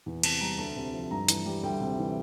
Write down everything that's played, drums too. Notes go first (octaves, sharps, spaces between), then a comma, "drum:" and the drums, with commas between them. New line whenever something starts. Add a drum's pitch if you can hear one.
E2
C3 A5, drum: cymbal
G3 A#5
D2 A5
C3
F3
G2 A#5
E3, drum: hi-hat
G3
D2 G5
C3
E3